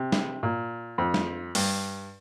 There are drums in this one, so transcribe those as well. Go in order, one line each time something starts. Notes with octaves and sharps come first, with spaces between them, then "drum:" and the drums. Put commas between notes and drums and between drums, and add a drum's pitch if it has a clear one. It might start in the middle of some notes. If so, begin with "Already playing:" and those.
Already playing: C3
drum: snare
A#2
F2
drum: snare
G2, drum: open hi-hat